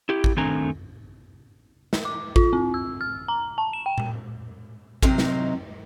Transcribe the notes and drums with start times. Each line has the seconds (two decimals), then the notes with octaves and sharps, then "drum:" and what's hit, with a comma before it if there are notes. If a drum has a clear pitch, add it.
0.09 E4 G4
0.24 drum: kick A1
0.37 D#3 A3 C4 D4 G#5 A#5
1.93 drum: snare
2.05 D6
2.36 F4, drum: kick A1
2.53 C4
2.74 E6
3.01 F6
3.28 A#5
3.58 A5
3.73 E7
3.86 G5
3.98 drum: tom A#2
5.03 C3 D#3 F#3 C4 D#4 C5, drum: kick A1
5.18 drum: snare